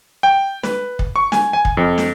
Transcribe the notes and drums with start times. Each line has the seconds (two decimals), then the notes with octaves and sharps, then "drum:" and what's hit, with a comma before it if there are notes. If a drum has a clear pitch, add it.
0.23 G5
0.63 B4, drum: snare
0.99 drum: kick
1.16 C#6
1.32 G#5, drum: snare
1.53 G#5
1.65 drum: kick
1.77 F2
1.98 drum: snare